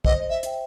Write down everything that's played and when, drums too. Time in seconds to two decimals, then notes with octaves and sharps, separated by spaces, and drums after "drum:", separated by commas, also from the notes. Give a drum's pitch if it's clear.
0.05 C5 D#5, drum: kick
0.30 E5
0.43 E5 G5, drum: hi-hat